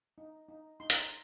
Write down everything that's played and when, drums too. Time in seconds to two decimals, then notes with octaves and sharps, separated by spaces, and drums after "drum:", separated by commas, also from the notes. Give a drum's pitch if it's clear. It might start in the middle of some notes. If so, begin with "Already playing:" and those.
0.18 D#4
0.49 D#4
0.80 D#4 C6
0.90 A#5, drum: hi-hat
1.00 C6